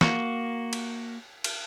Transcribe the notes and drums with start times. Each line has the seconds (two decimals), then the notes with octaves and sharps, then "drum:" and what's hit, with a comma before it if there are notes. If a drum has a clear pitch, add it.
0.01 A#3 F#4, drum: snare
0.73 drum: cymbal
1.44 drum: cymbal